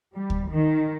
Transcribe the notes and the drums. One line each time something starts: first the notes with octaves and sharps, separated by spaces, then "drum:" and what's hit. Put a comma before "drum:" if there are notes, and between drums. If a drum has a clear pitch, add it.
G3
drum: kick D2
D#3